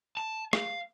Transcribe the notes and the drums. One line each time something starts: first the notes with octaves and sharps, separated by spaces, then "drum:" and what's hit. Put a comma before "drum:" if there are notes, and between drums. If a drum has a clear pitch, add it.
A5
F5, drum: rim click